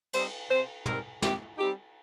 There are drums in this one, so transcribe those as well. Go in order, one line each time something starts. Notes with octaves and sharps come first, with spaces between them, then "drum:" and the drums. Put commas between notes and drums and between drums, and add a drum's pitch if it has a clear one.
G3 C4 D#4 C5, drum: cymbal
C3 C5
G3 C4 D#4 A#4, drum: tom
C3 G4, drum: snare
G3 C4 D#4 G4